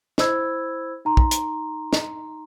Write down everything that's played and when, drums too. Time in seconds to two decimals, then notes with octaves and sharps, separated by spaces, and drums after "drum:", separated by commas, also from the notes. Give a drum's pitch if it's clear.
0.18 E4 C5 B5 E6 G#6, drum: snare
1.05 D#4 A#5 C6
1.17 drum: kick
1.31 drum: hi-hat
1.93 drum: snare